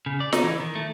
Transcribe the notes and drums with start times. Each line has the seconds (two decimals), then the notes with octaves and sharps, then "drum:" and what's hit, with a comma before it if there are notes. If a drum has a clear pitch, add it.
0.06 C#3
0.20 D5
0.33 D#4, drum: snare
0.44 E3
0.60 D#3
0.75 A3